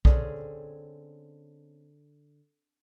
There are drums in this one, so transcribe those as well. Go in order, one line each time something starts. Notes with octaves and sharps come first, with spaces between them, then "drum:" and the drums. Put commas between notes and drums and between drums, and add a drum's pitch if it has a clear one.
D3 C4 C#4 G#4, drum: kick